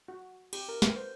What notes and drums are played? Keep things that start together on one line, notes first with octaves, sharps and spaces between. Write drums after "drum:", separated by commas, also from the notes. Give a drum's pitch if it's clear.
F#4
G4, drum: cymbal
A#4
B4, drum: snare
C5